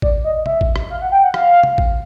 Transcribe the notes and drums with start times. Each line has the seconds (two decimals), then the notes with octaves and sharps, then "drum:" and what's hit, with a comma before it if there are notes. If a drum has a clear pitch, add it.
0.02 D5, drum: kick A1
0.24 D#5
0.46 E5, drum: tom
0.61 drum: kick A1
0.76 drum: rim click
0.90 F5
1.02 F#5
1.12 G5
1.24 F#5
1.34 F5, drum: rim click
1.63 drum: tom
1.78 drum: kick A1